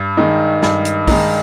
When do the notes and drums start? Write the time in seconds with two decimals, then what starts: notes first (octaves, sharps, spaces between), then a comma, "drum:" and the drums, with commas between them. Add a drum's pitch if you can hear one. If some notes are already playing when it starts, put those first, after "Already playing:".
Already playing: G2
0.17 D#3 G#3 D#4
0.62 G2, drum: snare
0.85 drum: hi-hat
1.07 D#3 G#3 D#4, drum: kick A#1, open hi-hat